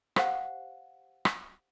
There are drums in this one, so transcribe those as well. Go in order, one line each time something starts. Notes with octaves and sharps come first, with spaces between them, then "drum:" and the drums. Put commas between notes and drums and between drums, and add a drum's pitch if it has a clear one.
G4 C5 F5 F#5, drum: rim click
drum: rim click